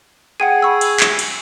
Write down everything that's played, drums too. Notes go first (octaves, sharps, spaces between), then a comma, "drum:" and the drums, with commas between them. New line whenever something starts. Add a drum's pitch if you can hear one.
G#4 F#5 G5 D#7
B5 C#6 E6
drum: cymbal
drum: clap
drum: cymbal